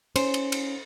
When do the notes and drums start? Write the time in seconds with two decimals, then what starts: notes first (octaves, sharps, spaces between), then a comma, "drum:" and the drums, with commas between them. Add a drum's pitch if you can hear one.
0.16 C#4 C5, drum: cymbal
0.34 drum: cymbal
0.52 drum: cymbal